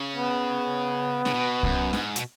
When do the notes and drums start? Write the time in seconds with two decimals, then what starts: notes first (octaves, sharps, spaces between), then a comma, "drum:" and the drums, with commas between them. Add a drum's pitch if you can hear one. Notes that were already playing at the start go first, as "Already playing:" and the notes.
Already playing: C#3
0.16 B3
1.25 C#3, drum: snare
1.34 B2
1.63 F#2, drum: kick C2
1.93 G#2, drum: snare
2.16 B2, drum: hi-hat